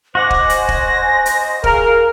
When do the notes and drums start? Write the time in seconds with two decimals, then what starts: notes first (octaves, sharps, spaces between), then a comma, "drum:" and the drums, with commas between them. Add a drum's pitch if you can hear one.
0.15 F#4 C5 D#5 F#5 G#5 D6 A#6
0.30 drum: kick
0.50 drum: hi-hat
0.69 drum: kick
1.26 drum: hi-hat
1.64 G#4 A#4 F5, drum: kick